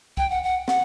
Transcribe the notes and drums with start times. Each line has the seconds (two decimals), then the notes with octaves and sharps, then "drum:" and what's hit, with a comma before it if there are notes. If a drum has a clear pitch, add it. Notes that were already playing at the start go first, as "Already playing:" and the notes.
0.17 G5, drum: kick C2
0.30 F#5
0.43 F#5
0.68 F#5, drum: snare